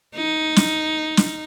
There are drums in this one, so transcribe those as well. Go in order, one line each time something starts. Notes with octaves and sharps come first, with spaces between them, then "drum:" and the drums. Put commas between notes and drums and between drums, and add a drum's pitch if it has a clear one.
D#4
drum: snare
drum: snare